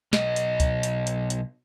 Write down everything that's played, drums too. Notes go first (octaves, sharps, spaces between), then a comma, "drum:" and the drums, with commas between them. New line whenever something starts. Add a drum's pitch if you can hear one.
B1 D#5, drum: snare
drum: hi-hat
drum: kick C#2, hi-hat
drum: hi-hat
drum: hi-hat
drum: hi-hat